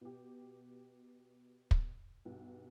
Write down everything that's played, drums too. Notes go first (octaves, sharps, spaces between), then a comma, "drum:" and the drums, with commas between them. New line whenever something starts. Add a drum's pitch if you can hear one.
B2 G4
drum: kick
B1 G2